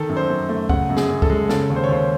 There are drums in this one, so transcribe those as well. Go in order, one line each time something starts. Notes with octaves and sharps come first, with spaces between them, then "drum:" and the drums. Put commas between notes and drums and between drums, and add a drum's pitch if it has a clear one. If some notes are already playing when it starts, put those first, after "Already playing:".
Already playing: D#3 A4
F#2
C5
F#2
A3
C#3 F#5, drum: kick
F#2
G#4, drum: snare
F#2
A4, drum: kick
G#3
C#3 A4, drum: snare
D#2
C5
C#5
D#2 C5